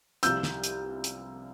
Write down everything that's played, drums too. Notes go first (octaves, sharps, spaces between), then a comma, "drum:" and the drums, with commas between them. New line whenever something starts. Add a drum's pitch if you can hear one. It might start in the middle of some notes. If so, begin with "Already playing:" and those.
C2 C3 F3 E6 G6, drum: hi-hat
drum: snare
drum: hi-hat
drum: hi-hat